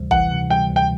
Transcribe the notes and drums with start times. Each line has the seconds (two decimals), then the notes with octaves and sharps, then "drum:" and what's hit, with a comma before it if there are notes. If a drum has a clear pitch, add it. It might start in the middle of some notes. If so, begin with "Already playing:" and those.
Already playing: D2 C3 E3 G3
0.11 E3 F#5, drum: kick G#1
0.31 C3
0.50 G3 G5
0.69 D2
0.76 G5